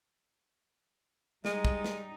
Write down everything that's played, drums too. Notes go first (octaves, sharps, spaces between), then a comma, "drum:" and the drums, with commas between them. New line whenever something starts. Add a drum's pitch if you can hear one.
G3 G#3 D#4, drum: snare
drum: kick
drum: snare